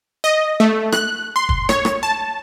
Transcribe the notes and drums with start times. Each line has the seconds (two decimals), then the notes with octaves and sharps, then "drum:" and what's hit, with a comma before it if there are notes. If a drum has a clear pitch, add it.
0.24 D#5
0.60 A3
0.92 F#6, drum: rim click
1.36 C6
1.49 drum: kick
1.69 C#5, drum: rim click
1.85 drum: rim click
2.03 A5